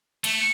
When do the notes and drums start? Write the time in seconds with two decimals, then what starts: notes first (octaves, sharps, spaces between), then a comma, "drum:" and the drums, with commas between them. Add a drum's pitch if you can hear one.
0.24 A3, drum: cymbal